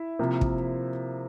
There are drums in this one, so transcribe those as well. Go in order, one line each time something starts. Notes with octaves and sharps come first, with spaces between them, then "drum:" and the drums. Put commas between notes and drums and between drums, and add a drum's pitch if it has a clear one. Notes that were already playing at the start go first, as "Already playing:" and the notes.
Already playing: E4 E5
C3 F3 A#3
drum: kick